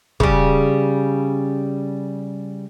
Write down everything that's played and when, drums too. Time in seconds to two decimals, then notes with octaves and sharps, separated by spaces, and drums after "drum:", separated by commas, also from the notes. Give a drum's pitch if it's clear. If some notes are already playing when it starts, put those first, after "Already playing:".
0.20 C#3 G3, drum: kick